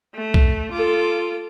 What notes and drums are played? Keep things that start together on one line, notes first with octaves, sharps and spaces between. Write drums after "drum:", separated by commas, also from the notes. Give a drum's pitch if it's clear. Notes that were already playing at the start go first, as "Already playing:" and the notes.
A3
drum: kick
F4 A4 D6